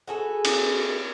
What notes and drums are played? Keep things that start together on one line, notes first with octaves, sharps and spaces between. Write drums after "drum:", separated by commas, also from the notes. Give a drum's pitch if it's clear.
F#4 G#4 A4 B4
drum: cymbal